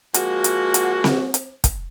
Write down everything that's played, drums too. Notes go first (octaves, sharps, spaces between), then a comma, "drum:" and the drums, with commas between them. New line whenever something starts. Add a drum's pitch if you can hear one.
F3 G#3 A#3 F#4, drum: hi-hat
drum: hi-hat
drum: hi-hat
drum: snare C4
drum: hi-hat
drum: kick, hi-hat